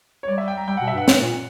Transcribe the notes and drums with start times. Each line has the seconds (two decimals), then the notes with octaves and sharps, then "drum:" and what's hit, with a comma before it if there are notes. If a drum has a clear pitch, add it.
0.23 C#5
0.28 G3 D5
0.38 E5
0.48 G5
0.58 A#5
0.67 G3 G5
0.77 B2 F#5
0.88 E5
0.94 G2 F#5
1.08 G2, drum: snare
1.20 A#2